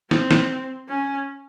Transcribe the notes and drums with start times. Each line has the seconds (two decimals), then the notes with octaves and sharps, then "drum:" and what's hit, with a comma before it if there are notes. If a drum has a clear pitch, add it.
0.11 C4, drum: snare
0.31 drum: snare
0.89 C#4